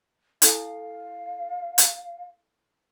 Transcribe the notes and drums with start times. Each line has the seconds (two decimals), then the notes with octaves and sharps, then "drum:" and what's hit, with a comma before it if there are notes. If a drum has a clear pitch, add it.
0.42 E4 A4 F5 G#5, drum: hi-hat
1.78 drum: hi-hat